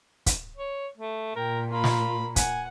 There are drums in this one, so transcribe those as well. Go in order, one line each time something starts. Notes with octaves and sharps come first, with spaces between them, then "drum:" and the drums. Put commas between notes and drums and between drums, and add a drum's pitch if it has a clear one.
drum: kick, hi-hat
C#5
A3
A#2 A#4 G5
A#3 F4 B5
drum: snare
F#5 G#5, drum: kick, hi-hat